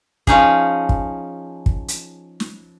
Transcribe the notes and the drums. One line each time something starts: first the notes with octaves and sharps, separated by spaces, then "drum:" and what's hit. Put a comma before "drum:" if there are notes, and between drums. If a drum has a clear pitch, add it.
F3 C#4 D#4 G#4, drum: kick
drum: kick
drum: kick
drum: hi-hat
drum: snare